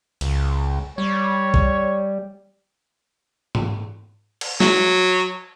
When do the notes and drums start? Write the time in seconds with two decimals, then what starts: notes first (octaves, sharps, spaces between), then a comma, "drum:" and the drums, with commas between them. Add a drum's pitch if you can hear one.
0.21 C#2, drum: cymbal
0.98 G3 C#5
1.54 drum: kick
3.55 drum: tom G#2
4.41 drum: cymbal
4.60 F#3, drum: snare